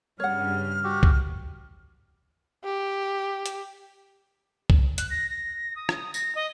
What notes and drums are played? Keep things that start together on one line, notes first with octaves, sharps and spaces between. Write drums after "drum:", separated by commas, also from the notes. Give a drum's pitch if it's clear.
G2 C#3 G3 C#5 F#5 F6
F#4 G4
drum: kick
G4
drum: hi-hat
drum: kick
F#6, drum: hi-hat
A#6
A#6
D#6
drum: rim click
A#6, drum: tambourine
D#5